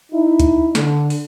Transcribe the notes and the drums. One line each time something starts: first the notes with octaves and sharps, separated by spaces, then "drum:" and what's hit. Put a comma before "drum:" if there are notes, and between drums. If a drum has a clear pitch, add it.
D#4 E4
drum: kick C#2, hi-hat
D3, drum: snare
drum: open hi-hat